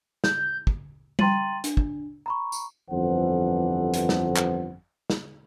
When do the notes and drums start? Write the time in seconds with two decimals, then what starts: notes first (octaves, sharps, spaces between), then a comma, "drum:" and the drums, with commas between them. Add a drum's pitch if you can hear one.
0.24 G6, drum: snare
0.67 drum: kick
1.19 G5 A#5 C6 A6 D#7 F#7, drum: tom G3
1.64 D4, drum: hi-hat
1.77 drum: kick
2.26 A#5 B5 C#6
2.52 drum: tambourine
2.91 G1 F2 E3 A4 C5 F#5
3.94 drum: hi-hat
4.09 drum: snare
4.36 drum: clap
5.10 drum: snare